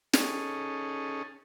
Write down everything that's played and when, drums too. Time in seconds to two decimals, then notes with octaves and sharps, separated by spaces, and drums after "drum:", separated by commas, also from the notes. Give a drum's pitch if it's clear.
0.13 C#4 D#4 G#4 A4, drum: snare